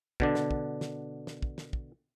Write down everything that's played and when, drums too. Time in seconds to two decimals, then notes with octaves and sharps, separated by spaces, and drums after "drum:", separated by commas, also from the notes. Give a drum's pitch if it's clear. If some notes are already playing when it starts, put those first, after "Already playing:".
0.20 B2 D3 D4, drum: kick
0.35 drum: snare
0.51 drum: kick
0.81 drum: snare
1.27 drum: snare
1.42 drum: kick
1.58 drum: snare
1.73 drum: kick